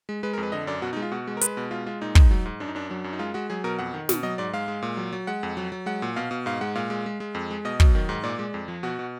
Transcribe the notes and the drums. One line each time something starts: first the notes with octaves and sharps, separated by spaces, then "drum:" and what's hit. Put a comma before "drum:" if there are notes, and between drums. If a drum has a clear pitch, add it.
G#3
G#3 B4
A#4
F2
B4
D3 D#5
F#2 D5
B2 F#4
D#4
G#3
F4
B2 F#4
G#3
A#4
G#3 B4, drum: hi-hat
B2
G#3 F4
G#3 F4
A#2 D#4
G#3, drum: kick
F#3
G#2
F#2 D4
D#4
F#2 D4
F#3 D4
F#2
D#4
G#3 F4
G#3 F#4
F#3 G#4
B2 A#4
F2 F#5
D#3
B2, drum: snare
F#3 D#5
G#2 D5
G#3 F5
G#3
A#2
F#3
F#3
G#3 F#5
F2
F#3
F#3
G#3 F#5
A#2
B2 F5
B2
G#2 F5
G#3 F#5
A#2 F5
G#3
G#3
G#3
F2
G#3
B2 D#5
F#3, drum: kick
D#3
G#2
A#2 D5
G#3
F2
F3
B2 F#4
B2